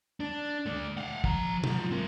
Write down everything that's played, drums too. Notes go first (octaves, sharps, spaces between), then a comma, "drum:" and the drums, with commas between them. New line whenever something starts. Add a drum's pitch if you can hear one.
D4
A3 D5
F5 F#5
F3 A#5, drum: kick
F#3 F4, drum: tom
C4 A#4